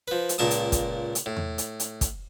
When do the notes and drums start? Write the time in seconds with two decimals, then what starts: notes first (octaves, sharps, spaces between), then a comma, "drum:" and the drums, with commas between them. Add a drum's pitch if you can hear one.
0.08 F3 B4
0.29 drum: hi-hat
0.38 C#2 A#2 A#4 A5 D#6
0.51 drum: hi-hat
0.72 drum: kick, hi-hat
1.15 drum: hi-hat
1.26 A2
1.37 drum: tom E2
1.58 drum: hi-hat
1.80 drum: hi-hat
2.01 drum: kick, hi-hat